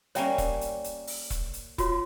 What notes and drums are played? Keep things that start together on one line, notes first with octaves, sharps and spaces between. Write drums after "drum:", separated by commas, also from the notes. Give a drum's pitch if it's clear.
G3 A#3 C#4 C#5 E5 G5, drum: hi-hat
drum: kick E1, hi-hat
drum: hi-hat
drum: hi-hat
drum: open hi-hat
drum: kick E1, hi-hat
drum: hi-hat
F4 F#4 C#5, drum: kick E1, hi-hat